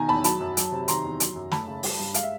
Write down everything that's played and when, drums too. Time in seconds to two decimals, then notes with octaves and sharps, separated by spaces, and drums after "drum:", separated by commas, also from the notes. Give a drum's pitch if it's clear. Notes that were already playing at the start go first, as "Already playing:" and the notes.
Already playing: B2 D#3 G#5 A#5
0.09 E2 A5 B5
0.24 F#3 A5 B5, drum: hi-hat
0.40 F#2
0.57 F#3, drum: hi-hat
0.72 C3
0.88 D#3 A#5 C6, drum: hi-hat
1.04 E2
1.20 F#3, drum: hi-hat
1.36 F#2
1.51 A3 A5 B5, drum: snare
1.68 C#3
1.83 G3, drum: open hi-hat
1.99 G2
2.14 G#3 F5, drum: hi-hat
2.23 E5